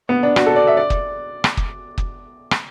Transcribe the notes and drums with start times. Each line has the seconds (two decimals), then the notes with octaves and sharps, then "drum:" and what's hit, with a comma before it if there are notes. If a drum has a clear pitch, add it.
0.09 B3
0.23 D4
0.36 F#4, drum: rim click
0.46 A4
0.56 D5
0.67 E5
0.77 D5
0.90 drum: kick
1.44 drum: rim click
1.57 drum: kick
1.98 drum: kick
2.51 drum: rim click